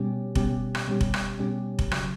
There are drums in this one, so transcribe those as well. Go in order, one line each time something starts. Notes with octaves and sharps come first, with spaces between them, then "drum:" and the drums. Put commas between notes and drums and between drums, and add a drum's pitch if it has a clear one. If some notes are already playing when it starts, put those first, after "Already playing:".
Already playing: B2 G3 C#4 G4
B2 G3 C#4 G4, drum: kick F1
drum: rim click
B2 G3 C#4 G4
drum: kick F1
drum: rim click
B2 G3 C#4 G4
drum: kick F1
C#3 F#3, drum: rim click